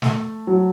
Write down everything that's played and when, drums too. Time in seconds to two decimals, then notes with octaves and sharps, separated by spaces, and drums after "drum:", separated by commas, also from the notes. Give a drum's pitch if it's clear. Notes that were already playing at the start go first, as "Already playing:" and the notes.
0.02 A3, drum: snare
0.47 F#3